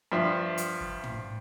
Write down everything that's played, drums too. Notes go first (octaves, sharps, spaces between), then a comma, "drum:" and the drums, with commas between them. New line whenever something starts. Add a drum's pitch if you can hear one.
G2 F3 E5
drum: hi-hat
drum: kick
drum: tom